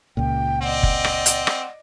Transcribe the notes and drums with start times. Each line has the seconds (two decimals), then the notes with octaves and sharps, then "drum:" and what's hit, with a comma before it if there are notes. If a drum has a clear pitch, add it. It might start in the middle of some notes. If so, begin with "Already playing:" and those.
0.17 C#2 A#2 G5
0.62 C4 D5 D#5 F#5
0.83 drum: kick F#1
1.04 drum: rim click
1.26 drum: hi-hat
1.47 drum: rim click